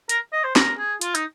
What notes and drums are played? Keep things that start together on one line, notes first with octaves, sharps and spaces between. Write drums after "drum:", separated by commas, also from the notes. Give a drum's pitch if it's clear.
A#4, drum: hi-hat
D#5
C5
A#4, drum: snare
G#4
F4, drum: hi-hat
D#4, drum: hi-hat